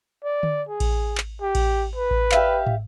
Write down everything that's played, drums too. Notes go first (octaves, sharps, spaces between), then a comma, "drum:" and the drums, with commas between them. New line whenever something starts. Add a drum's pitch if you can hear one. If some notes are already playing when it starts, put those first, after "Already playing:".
D5
drum: tom D3
G#4
drum: kick A1, cymbal
drum: clap
G4
drum: kick A1, cymbal
B4
drum: kick A1
G4 E5 F5, drum: clap
drum: tom